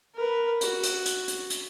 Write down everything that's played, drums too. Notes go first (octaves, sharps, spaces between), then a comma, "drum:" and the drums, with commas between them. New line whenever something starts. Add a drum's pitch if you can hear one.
A#4 B4
F#4, drum: hi-hat
drum: hi-hat
drum: hi-hat
drum: hi-hat
drum: hi-hat